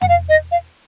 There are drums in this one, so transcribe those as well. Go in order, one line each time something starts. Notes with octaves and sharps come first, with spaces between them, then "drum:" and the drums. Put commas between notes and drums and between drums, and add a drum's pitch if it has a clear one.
F#5, drum: tom F2
F5
D#5
F5